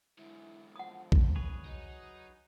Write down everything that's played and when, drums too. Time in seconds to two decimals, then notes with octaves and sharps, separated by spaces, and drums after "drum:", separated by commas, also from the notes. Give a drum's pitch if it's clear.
0.18 G#2 D3 E4
0.76 F3 F#5 D#6
1.12 drum: kick B1
1.36 G#4 B4 C#5
1.65 F#3 D#4